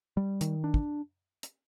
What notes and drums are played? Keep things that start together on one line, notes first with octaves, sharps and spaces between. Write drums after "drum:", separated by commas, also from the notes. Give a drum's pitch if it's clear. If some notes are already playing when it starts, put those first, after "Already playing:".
G3
D#3, drum: hi-hat
D4
drum: kick
drum: hi-hat